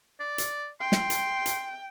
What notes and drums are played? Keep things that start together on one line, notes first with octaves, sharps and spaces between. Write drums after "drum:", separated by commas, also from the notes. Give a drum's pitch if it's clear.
D5
drum: hi-hat
G5 C6
drum: snare
drum: hi-hat
drum: hi-hat